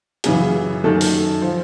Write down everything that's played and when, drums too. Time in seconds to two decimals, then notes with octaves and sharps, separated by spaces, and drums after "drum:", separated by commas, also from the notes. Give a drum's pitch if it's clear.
0.24 F#2 C#3 E3 G#4, drum: hi-hat
0.84 F#2 D#3 A4
1.01 drum: open hi-hat
1.42 F3